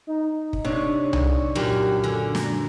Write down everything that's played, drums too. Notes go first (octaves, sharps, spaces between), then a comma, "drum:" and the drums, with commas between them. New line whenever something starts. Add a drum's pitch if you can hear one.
D#4
drum: kick
C3 D4 D#4 C#5
drum: tom C2
F#2 A#2 F#3 G4
D3 G#5
A#5, drum: snare